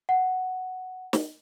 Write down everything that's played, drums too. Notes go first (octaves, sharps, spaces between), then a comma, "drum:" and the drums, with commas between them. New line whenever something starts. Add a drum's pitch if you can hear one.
F#5
drum: snare